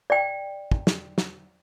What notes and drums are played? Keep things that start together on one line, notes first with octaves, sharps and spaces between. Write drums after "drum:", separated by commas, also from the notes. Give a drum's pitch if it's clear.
D5 G5
drum: kick
drum: snare
drum: snare